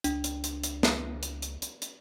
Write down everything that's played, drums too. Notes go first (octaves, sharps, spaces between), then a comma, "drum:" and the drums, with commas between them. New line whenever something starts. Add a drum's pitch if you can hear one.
C#2 D4, drum: hi-hat
drum: hi-hat
drum: hi-hat
drum: hi-hat
drum: snare
drum: hi-hat
drum: hi-hat
drum: hi-hat
drum: hi-hat